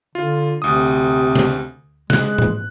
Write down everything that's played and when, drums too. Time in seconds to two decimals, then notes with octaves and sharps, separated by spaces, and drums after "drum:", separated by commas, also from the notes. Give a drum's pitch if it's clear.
0.15 D3 F4
0.62 D2 C3 D#6
1.35 drum: snare
2.10 G#3 F#6, drum: snare
2.38 drum: tom G#2